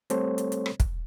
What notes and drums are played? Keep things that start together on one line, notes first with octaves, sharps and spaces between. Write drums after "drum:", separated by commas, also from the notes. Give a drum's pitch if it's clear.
G3 A3 C4 A4 C5 C#5, drum: hi-hat
drum: hi-hat
drum: hi-hat
drum: rim click
drum: kick, hi-hat